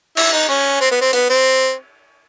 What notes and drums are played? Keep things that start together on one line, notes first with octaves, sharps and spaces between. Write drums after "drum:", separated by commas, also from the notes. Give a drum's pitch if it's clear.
E4, drum: cymbal
D#4
C#4
C4
B3
C4
B3, drum: hi-hat
C4